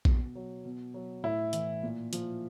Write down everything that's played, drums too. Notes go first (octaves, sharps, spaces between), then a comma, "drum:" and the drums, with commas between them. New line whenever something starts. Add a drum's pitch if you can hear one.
B2, drum: kick A#1
F#3
B2
F#3
A2 E4
E3, drum: hi-hat
A#2
F3, drum: hi-hat